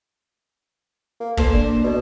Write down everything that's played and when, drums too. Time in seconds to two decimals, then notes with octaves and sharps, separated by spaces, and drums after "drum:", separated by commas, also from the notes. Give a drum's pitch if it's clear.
1.20 A#3
1.37 A#2 A#3 A4 C5, drum: kick
1.54 D4
1.84 B2